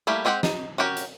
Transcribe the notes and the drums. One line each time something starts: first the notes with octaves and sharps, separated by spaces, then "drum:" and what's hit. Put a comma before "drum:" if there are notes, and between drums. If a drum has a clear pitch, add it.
G3 A3 A#3 E4 G4
G#3 C4 G4 A#4 F#5
D#4, drum: snare
C#4 F#4 G4 A#4
drum: hi-hat